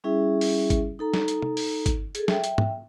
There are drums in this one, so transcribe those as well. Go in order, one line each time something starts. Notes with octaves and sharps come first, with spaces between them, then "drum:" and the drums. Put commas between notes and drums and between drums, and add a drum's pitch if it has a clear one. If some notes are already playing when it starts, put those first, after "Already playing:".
G3 C#4 E4 G#4 E5
drum: open hi-hat
drum: kick G#1, hi-hat
D#4 A4 A#5
drum: snare
drum: hi-hat
drum: tom
drum: open hi-hat
drum: kick G#1, hi-hat
G#4 A4, drum: hi-hat
E5 G5, drum: snare
drum: hi-hat
drum: tom